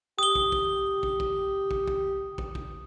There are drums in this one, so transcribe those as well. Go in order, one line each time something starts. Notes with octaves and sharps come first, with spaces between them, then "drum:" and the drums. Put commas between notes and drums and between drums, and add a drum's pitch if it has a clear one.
G4 D#6 G7
drum: kick
drum: kick
drum: kick
drum: kick
drum: kick
drum: kick
drum: kick
drum: kick